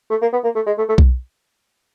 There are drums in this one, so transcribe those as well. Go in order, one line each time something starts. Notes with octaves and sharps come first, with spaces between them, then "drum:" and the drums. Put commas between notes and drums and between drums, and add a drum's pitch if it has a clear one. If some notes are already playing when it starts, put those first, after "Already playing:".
A3
A#3
B3
A#3
A3
G#3
A3
A3
drum: kick B1